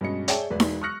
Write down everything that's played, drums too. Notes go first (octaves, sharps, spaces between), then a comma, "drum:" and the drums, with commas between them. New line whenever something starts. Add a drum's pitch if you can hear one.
G2 B2 G#3 C#4 D#5 C#7
G#4 C#5 D5 E5 G5 A5, drum: hi-hat
E1 B4 D5
drum: snare D#4
C#6 D#6 F6 F#6 A#6 C#7